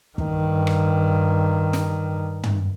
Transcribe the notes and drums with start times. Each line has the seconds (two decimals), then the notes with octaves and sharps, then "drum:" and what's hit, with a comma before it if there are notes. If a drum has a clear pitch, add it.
0.18 G2 D#3, drum: kick
0.67 drum: rim click
1.73 drum: snare
2.43 drum: tom